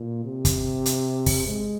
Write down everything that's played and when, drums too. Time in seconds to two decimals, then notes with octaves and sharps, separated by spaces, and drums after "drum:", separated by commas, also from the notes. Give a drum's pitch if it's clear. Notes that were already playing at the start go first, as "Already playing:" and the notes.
Already playing: A#2
0.25 C3
0.45 drum: kick, hi-hat
0.86 drum: hi-hat
1.26 drum: kick, open hi-hat
1.47 G#3